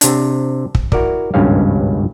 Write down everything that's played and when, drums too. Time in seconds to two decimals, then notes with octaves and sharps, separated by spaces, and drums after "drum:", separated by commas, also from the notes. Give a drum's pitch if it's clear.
0.01 C3 D4, drum: hi-hat
0.75 drum: kick
0.92 E4 F#4 A#4 D5, drum: kick
1.34 G#1 C#2 G2 B2 C#4 F5